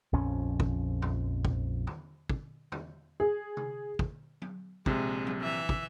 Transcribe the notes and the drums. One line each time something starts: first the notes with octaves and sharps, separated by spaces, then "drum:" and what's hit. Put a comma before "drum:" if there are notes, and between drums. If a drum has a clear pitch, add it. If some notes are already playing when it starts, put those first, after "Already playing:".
A#1 F2 F3 C#4
drum: kick
drum: tom
drum: kick
drum: tom
drum: kick
drum: tom
G#4
drum: tom C3
drum: kick
drum: tom F#3
A#1 C3 G#3, drum: kick
drum: tom F#3
E3 E5
drum: kick